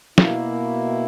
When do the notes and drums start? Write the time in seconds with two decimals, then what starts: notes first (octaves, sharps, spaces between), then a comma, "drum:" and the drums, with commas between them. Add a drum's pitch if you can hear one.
0.18 B2 A#3 E4, drum: snare